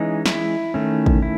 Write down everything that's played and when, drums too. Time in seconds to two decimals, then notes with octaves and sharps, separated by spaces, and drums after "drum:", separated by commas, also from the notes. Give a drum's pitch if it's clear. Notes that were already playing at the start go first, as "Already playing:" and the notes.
Already playing: E3 G#3 C#4 D#4
0.26 E4, drum: snare
0.74 D#3 A3 C#4
1.06 drum: kick A1
1.22 E4